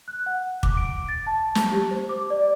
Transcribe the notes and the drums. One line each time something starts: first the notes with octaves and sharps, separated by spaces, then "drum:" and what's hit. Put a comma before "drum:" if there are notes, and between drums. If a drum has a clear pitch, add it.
F#6
F#5
D6, drum: kick
D7
A6
A5
drum: snare
G4
C5
D6
D5